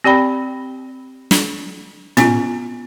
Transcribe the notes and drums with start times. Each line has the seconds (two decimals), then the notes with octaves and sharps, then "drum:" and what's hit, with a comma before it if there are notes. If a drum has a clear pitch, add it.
0.04 C4 G4 D5 G5 B5
1.31 drum: snare
2.17 B3 C#4 F4, drum: tom A2